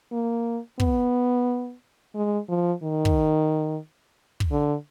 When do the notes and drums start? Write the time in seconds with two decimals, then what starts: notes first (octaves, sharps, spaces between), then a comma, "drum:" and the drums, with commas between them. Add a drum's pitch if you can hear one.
0.12 A#3
0.80 B3, drum: kick
2.15 G#3
2.49 F3
2.83 D#3
3.05 drum: kick
4.40 drum: kick
4.51 D3